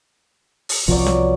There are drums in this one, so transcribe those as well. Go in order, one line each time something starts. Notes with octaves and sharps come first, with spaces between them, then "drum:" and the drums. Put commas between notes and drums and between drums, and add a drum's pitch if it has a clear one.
drum: open hi-hat
C2 B2 F3 F#3 D5, drum: kick
drum: snare